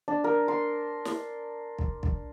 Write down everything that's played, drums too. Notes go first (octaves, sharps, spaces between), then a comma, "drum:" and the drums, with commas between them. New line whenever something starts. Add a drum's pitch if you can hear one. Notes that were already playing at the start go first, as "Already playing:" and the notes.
D4
A#4
C6
drum: snare
drum: kick
drum: kick